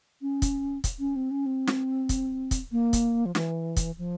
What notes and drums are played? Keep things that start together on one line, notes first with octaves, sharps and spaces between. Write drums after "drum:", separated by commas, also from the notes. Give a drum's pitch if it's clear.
C#4
drum: kick, hi-hat
drum: kick, hi-hat
C#4
C4
C#4
C4
drum: snare
drum: kick, hi-hat
drum: kick, hi-hat
A#3
drum: kick, hi-hat
F3
E3, drum: snare
drum: kick, hi-hat
F3